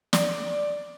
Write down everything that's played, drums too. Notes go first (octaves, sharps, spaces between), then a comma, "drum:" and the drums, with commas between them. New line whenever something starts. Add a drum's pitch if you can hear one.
D5, drum: snare